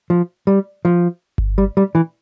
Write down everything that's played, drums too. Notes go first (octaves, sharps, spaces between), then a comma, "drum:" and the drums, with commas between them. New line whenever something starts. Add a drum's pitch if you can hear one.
F3
G3
F3
drum: kick G1
G3
G3
E3